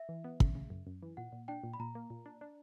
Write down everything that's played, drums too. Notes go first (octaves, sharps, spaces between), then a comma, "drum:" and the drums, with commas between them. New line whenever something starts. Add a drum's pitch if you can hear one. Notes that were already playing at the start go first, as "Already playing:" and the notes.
Already playing: E5
E3
B3
C#3, drum: kick
C#3
F#2
F#2
E3
A#2 F#5
A#2
D4 G5
A#2
B5
A#2 A#5
A#3
A#2
D4
D4